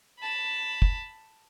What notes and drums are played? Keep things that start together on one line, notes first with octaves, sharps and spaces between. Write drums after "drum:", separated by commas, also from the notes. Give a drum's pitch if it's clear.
A5 B5
drum: kick